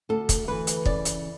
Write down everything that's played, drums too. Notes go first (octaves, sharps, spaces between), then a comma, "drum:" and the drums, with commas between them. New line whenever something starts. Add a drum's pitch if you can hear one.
D2 A4
drum: kick, hi-hat
E3 B4
drum: hi-hat
C#3 D5, drum: kick
drum: hi-hat